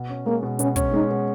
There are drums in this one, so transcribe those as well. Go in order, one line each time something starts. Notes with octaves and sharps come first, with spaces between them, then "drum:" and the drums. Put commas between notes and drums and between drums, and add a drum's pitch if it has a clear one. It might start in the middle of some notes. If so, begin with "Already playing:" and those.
Already playing: B2
C#4
G#3 A#3
B2
B2 C#4, drum: hi-hat
C#4, drum: kick, hi-hat
G#3 D#4
B2